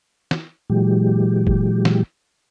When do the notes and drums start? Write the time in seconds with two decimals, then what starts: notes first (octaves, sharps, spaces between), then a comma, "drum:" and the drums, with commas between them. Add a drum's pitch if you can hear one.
0.31 drum: snare
0.70 A#2 E3 F#3 G#3 G4
1.47 drum: kick F#1
1.85 drum: snare